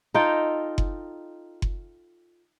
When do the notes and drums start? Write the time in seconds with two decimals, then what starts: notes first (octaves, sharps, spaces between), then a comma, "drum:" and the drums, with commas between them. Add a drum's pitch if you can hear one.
0.14 D#4 F4 A4 G5
0.78 drum: kick F#1
1.62 drum: kick F#1